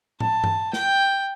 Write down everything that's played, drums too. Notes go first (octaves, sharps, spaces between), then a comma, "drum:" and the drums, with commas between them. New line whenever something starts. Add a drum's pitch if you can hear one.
A5, drum: tom A2
drum: tom G2
G5, drum: snare